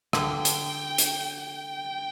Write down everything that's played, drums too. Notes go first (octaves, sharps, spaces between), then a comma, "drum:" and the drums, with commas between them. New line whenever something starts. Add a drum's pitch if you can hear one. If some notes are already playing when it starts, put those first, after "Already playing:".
D3 G5, drum: rim click
drum: hi-hat
drum: hi-hat
G5